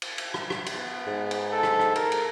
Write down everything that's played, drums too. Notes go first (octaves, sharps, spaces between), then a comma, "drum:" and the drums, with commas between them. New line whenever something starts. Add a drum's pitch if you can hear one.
drum: cymbal
drum: cymbal
drum: rim click
drum: rim click
drum: cymbal
B3
G#2
drum: cymbal
A4
drum: rim click
drum: rim click
A#4, drum: cymbal
drum: cymbal